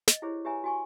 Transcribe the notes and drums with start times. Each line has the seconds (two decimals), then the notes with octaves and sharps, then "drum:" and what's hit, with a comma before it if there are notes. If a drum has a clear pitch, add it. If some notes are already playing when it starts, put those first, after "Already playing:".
0.08 D#5, drum: snare
0.22 E4 G4 G#4 C5 C#5
0.45 G4 B4 C#5 E5 G#5 A#5
0.64 F#4 G#5 C#6